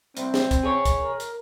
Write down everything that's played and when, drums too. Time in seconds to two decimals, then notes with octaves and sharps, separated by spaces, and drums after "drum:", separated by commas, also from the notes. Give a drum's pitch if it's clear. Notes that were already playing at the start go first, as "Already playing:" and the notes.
0.17 C2 C4, drum: hi-hat
0.34 drum: snare
0.51 drum: kick, hi-hat
0.63 G#4 C#5
0.85 drum: kick, hi-hat
1.00 A#4
1.20 drum: hi-hat